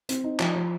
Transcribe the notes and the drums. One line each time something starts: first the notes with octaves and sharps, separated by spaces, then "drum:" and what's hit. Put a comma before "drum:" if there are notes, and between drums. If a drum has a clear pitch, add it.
C4, drum: hi-hat
D#4
F3, drum: clap
F3